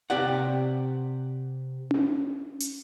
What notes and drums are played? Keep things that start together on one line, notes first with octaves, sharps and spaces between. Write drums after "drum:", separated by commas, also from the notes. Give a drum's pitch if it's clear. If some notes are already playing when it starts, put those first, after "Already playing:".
C3 G4 D5 F#5
drum: tom C#4
drum: hi-hat